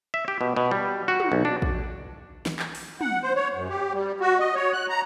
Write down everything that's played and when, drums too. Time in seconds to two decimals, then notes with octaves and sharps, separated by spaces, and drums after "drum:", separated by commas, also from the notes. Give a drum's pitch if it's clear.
0.14 E5
0.28 G4
0.41 B2
0.57 B2
0.71 G3
1.08 F#4
1.20 drum: tom
1.32 B1
1.45 D4
1.62 drum: kick A#1
2.46 drum: snare
2.59 drum: clap
2.75 drum: open hi-hat
3.01 F#5, drum: tom
3.23 C5
3.36 C#5
3.55 F#2
3.69 G4
3.93 G3
4.21 F#4
4.39 D#5
4.55 C#5
4.73 F#6
4.89 A#5